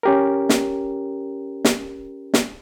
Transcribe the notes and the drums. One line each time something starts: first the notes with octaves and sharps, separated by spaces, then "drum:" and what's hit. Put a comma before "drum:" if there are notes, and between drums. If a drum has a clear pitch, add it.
C#4 G4 A#4
drum: snare
drum: snare
drum: snare